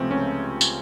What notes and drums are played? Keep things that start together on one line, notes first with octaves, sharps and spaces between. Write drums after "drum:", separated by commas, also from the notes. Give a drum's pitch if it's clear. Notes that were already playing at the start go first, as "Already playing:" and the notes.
Already playing: C#2 C3 F3 A3 C4 C#4
C#2 C#4
drum: tambourine